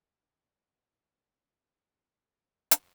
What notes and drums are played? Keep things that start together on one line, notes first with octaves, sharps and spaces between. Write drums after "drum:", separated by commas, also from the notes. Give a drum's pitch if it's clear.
G2 C3 D#3 G3 B3 D4
drum: hi-hat